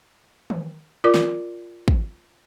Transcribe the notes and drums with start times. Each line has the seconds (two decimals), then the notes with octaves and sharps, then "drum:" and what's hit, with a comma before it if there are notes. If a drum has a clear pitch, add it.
0.50 drum: tom D#3
1.04 F4 A#4 D5 D6
1.14 drum: snare
1.88 drum: kick